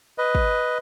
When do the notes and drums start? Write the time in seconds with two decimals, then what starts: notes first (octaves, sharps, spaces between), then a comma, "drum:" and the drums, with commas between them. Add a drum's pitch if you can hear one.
0.18 B4 D#5
0.35 drum: kick